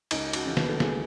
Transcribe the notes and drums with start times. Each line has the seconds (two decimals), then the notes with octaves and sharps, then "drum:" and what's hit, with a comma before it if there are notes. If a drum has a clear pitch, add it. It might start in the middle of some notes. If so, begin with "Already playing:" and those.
0.11 C#2 D#4, drum: cymbal
0.33 F#4, drum: cymbal
0.46 C#3 E3
0.57 B4, drum: snare
0.69 A4
0.80 C#2 G#4, drum: snare